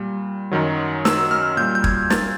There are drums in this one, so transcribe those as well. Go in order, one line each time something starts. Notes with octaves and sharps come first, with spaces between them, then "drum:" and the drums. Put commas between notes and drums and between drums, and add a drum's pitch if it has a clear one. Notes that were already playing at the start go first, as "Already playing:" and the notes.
Already playing: A#2 G3
F#2 D#3 F#3
E6, drum: snare
F6
A#2 G3 G6
G6
G#6, drum: kick
A6, drum: snare